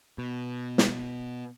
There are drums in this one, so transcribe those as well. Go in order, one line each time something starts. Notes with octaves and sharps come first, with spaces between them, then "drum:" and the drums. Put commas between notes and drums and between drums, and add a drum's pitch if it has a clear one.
B2
drum: snare